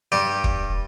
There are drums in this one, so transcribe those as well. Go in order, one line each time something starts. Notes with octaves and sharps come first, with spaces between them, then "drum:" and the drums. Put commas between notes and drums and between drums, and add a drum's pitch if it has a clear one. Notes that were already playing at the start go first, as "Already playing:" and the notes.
G2 G4
drum: kick